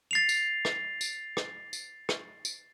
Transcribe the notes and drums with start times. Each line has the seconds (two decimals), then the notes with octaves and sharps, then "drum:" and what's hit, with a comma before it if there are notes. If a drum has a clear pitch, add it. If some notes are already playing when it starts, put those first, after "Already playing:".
0.11 A6 C7 F7
0.29 drum: tambourine
0.65 drum: rim click
1.01 drum: tambourine
1.37 drum: rim click
1.73 drum: tambourine
2.09 drum: rim click
2.45 drum: tambourine